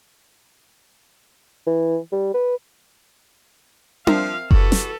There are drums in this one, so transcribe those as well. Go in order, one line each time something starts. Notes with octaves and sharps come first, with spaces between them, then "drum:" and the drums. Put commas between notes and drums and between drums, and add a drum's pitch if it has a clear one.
E3
G3
B4
F3 C4 A#4 E5 F5, drum: tom D4
E3 G3 F#4 A4 B4, drum: kick F#1
drum: snare